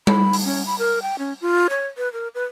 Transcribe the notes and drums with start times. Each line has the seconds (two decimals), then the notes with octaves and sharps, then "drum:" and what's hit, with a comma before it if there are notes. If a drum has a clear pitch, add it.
0.07 B5, drum: tom G3
0.33 drum: open hi-hat
0.45 C#4
0.67 B5
0.79 A#4
1.02 G5
1.19 C#4
1.41 F4
1.70 C#5
1.97 B4
2.13 A#4
2.35 B4